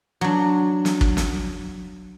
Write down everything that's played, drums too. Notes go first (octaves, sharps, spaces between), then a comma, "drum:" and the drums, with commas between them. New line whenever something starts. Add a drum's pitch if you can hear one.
F#3 D4
drum: snare
drum: kick
drum: snare